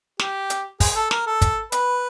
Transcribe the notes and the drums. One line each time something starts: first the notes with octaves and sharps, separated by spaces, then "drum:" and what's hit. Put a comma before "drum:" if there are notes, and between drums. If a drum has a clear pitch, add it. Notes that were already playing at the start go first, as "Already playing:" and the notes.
G4, drum: snare
drum: hi-hat
G#4, drum: kick, open hi-hat
G#4
A4
A#4, drum: snare
A4
drum: kick, hi-hat
B4, drum: hi-hat